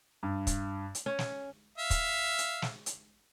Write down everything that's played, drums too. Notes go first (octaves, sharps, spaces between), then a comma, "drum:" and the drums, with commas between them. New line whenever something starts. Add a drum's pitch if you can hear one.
G2
drum: kick, hi-hat
drum: hi-hat
C#4
drum: snare
E5 F5
drum: kick, hi-hat
drum: hi-hat
drum: snare
drum: hi-hat